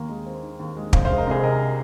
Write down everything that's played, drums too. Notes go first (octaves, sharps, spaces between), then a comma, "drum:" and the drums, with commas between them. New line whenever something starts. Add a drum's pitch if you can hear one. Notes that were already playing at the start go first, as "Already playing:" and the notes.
Already playing: D#2 A#3
G#3
C4
D#3
D#2
G#3
C2 C5 F5, drum: kick
C5 F5
G#3
A#4 D#5
C2 G#4 C5
C3 A#4 D#5